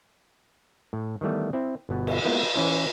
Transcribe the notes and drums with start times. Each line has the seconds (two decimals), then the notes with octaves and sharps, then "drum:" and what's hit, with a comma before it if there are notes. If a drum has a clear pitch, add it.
0.93 A2
1.21 D#3 E3 G3 A3 B3
1.53 C4 E4
1.89 G1 B2 B3
2.07 drum: cymbal
2.24 G#3 A#3 B3 E4 F4
2.54 E3 C#4 E4 C5